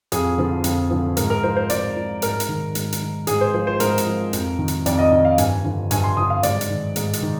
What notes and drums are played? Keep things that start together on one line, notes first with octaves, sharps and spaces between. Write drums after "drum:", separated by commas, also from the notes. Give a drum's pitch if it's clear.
F2 G#4, drum: hi-hat
D3 F3
F2, drum: hi-hat
D3 F3
G#2 A#4, drum: hi-hat
A#4
F3 C5
C5
G#2 D5, drum: hi-hat
F3
G#2 A#4, drum: hi-hat
drum: hi-hat
D#3
G#2, drum: hi-hat
drum: hi-hat
D#3
G#2 G#4, drum: hi-hat
C5
F3 C5
C5
G#2 A#4, drum: hi-hat
drum: hi-hat
F3
F2, drum: hi-hat
D#3
drum: hi-hat
F2 D5, drum: hi-hat
D#5
D#3 D#5
F5
G2 G#5, drum: hi-hat
D3 F3
G2 G#5, drum: hi-hat
C6
D3 F3 D#6
F5
G#2 D5, drum: hi-hat
drum: hi-hat
D#3
G#2, drum: hi-hat
drum: hi-hat
D#3